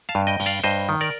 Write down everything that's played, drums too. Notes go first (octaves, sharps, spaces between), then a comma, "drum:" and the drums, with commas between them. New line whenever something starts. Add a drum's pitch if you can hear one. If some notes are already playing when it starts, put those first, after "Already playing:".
F5 A5
G2
D#5 G5
G2, drum: cymbal
D5 F5
G2 C5 D#5
D#3
A#4 D5